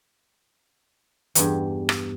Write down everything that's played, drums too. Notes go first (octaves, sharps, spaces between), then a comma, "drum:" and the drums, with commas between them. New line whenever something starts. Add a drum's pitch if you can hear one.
E2 G2, drum: hi-hat
drum: rim click